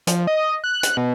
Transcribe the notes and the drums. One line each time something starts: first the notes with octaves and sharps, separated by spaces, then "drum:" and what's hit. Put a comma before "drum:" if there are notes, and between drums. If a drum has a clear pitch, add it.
F3, drum: hi-hat
D#5
F#6
drum: hi-hat
B2